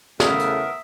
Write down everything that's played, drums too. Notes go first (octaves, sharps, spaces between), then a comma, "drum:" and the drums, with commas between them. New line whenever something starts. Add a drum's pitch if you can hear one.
E2 C#3 A3 B3 A#4 E5 F5 D#6, drum: snare
drum: hi-hat